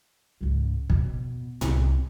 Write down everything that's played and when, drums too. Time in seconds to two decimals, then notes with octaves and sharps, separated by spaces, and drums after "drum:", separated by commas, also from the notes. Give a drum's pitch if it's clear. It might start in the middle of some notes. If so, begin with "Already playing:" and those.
0.41 C#2 G#2
0.90 B2, drum: kick
1.61 C2, drum: tom A2